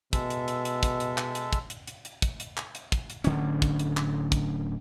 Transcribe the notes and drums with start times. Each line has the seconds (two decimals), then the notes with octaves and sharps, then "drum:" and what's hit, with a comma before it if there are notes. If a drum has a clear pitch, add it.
0.13 B2 G#3 A4 E5, drum: kick, hi-hat
0.30 drum: hi-hat
0.48 drum: hi-hat
0.65 drum: hi-hat
0.83 drum: kick, hi-hat
1.00 drum: hi-hat
1.18 drum: clap
1.35 drum: hi-hat
1.53 drum: kick, hi-hat
1.70 drum: hi-hat
1.87 drum: hi-hat
2.05 drum: hi-hat
2.22 drum: kick, hi-hat
2.40 drum: hi-hat
2.57 drum: clap
2.75 drum: hi-hat
2.92 drum: kick, hi-hat
3.10 drum: hi-hat
3.24 D1 D3 C#4, drum: hi-hat
3.62 drum: kick, hi-hat
3.79 drum: hi-hat
3.97 drum: clap
4.32 drum: kick, hi-hat